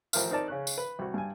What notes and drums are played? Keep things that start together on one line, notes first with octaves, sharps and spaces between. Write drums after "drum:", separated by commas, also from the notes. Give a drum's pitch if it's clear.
A1 F3 A#4 C5 F5 F6, drum: tambourine
C4 D#4 A#4 D5 A5
C#3 C#4 F#6
drum: tambourine
B4
C2 F#4
G2 G#5